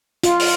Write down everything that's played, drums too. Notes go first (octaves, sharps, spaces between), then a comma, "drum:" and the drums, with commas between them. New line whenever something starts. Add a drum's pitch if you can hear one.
F4, drum: hi-hat
drum: open hi-hat